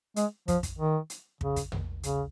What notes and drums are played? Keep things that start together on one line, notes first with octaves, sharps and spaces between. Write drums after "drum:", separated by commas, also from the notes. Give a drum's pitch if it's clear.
G#3, drum: hi-hat
F3, drum: kick, hi-hat
drum: kick, hi-hat
D#3
drum: hi-hat
C#3, drum: kick
drum: kick, hi-hat
drum: tom
C#3, drum: hi-hat